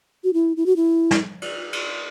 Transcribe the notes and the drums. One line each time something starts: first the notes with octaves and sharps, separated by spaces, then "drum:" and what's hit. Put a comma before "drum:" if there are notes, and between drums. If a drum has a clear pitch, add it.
F#4
E4
E4
F#4
E4
drum: snare
drum: cymbal
drum: cymbal